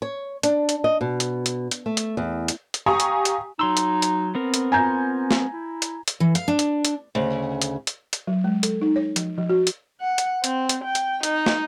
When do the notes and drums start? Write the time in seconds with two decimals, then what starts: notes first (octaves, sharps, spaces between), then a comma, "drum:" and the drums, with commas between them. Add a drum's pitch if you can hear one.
0.02 C#5
0.43 D4, drum: hi-hat
0.69 drum: hi-hat
0.84 D#5
1.01 B2
1.20 drum: hi-hat
1.46 drum: hi-hat
1.71 drum: hi-hat
1.86 A3
1.97 drum: hi-hat
2.17 E2
2.48 drum: hi-hat
2.74 drum: hi-hat
2.86 G4 F5 G#5 A#5 C#6 D#6
3.00 drum: hi-hat
3.25 drum: hi-hat
3.59 F#3 D#4 C6 E6
3.77 drum: hi-hat
4.02 drum: hi-hat
4.35 B3 C4 A#4
4.54 drum: hi-hat
4.72 F4 G#5 A#5 G6
5.31 drum: snare
5.53 E4
5.82 drum: hi-hat
6.08 drum: hi-hat
6.20 E3
6.35 F5, drum: hi-hat
6.48 D4
6.59 drum: hi-hat
6.85 drum: hi-hat
7.15 D2 C#3
7.62 drum: hi-hat
7.87 drum: hi-hat
8.13 drum: hi-hat
8.27 F#3
8.44 G#3
8.63 A4, drum: hi-hat
8.81 D#4
8.96 C#5
9.16 F3, drum: hi-hat
9.38 F3
9.49 F#4
9.67 drum: hi-hat
10.01 F#5
10.18 drum: hi-hat
10.44 C4, drum: hi-hat
10.69 drum: hi-hat
10.84 G5
10.95 drum: hi-hat
11.23 D#4, drum: hi-hat
11.46 drum: snare